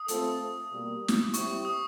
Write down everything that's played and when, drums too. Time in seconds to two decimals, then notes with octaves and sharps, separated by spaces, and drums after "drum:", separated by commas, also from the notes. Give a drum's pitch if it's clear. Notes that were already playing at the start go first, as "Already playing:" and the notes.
Already playing: D#6
0.08 A3 C4 F4 A4, drum: hi-hat
0.71 B2 G3 A#3
1.08 drum: snare
1.34 G3 C4 E4 G4 C#6, drum: hi-hat
1.65 D#6